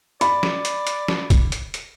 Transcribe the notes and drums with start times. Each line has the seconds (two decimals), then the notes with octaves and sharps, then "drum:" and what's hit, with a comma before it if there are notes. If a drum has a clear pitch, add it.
0.21 D5 B5, drum: hi-hat
0.43 drum: snare
0.65 drum: hi-hat
0.87 drum: hi-hat
1.08 drum: snare
1.30 drum: kick, hi-hat
1.52 drum: hi-hat
1.74 drum: hi-hat